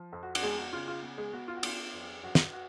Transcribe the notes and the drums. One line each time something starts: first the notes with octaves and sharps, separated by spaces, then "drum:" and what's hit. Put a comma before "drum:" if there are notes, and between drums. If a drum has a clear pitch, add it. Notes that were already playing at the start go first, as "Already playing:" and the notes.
Already playing: F3
F2
F#4
F#4, drum: cymbal
G#3 B3 G#4
F#4
C#3 F4
F4
B3
G#3 G#4
B3 F#4
F4
F#4
B3 F4, drum: cymbal
F2
F#2 F#4
drum: snare
F#4